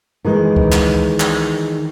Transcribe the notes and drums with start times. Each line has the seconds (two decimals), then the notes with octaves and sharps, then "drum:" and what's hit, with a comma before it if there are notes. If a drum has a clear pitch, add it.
0.25 D#3 E3 G#3
0.56 drum: kick C#2
0.72 drum: clap
1.20 drum: clap